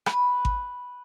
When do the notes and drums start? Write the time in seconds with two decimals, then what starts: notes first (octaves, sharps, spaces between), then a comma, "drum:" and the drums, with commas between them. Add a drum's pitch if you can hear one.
0.06 B4, drum: rim click
0.45 drum: kick G#1